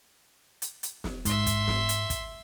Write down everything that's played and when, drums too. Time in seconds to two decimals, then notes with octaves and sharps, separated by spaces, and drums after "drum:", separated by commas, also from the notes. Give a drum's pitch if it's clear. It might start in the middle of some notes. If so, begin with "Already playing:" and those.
0.62 drum: hi-hat
0.83 drum: hi-hat
1.04 drum: snare
1.25 G#2 E5 C6, drum: kick, hi-hat
1.46 drum: kick, hi-hat
1.68 drum: snare
1.89 drum: hi-hat
2.10 drum: kick, hi-hat